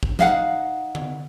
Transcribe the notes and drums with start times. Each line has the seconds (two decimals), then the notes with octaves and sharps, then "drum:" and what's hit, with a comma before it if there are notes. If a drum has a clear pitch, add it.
0.03 drum: kick G#1
0.19 D#4 F5 F#5, drum: snare
0.95 drum: tom D3